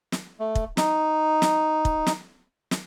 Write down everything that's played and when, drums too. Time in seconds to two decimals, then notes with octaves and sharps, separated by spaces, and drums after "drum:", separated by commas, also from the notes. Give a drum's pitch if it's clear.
0.12 drum: snare
0.40 A3
0.55 drum: kick
0.77 D#4, drum: snare
1.42 drum: snare
1.85 drum: kick
2.07 drum: snare
2.71 drum: snare